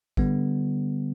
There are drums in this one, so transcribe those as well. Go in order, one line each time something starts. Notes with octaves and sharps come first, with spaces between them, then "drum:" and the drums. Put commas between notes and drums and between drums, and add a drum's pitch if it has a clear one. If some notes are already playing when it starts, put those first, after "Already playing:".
D3 G3 B3, drum: kick G#1